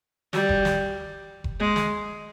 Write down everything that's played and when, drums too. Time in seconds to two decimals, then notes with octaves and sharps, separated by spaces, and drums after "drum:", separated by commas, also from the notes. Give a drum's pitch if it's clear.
0.33 G3, drum: snare
0.49 drum: kick F1
0.65 drum: snare
1.44 drum: kick F1
1.60 G#3
1.76 drum: snare